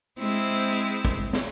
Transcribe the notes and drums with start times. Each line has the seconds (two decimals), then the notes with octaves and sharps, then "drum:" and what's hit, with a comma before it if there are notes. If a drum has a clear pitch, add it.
0.19 G#3 C4 E4
1.05 drum: kick
1.33 drum: snare